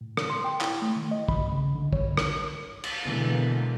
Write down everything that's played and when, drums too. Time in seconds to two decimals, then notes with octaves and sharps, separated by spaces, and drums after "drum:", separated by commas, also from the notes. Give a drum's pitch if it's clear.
0.01 A2
0.17 drum: rim click
0.30 C6
0.44 G5
0.61 E4, drum: clap
0.82 A3
0.96 D#3
1.11 D#5
1.28 B5, drum: kick
1.47 C#3
1.75 D3
1.93 C#5, drum: kick
2.17 drum: rim click
2.84 drum: cymbal
3.04 B2 D3 E3 G#3 A#3 B3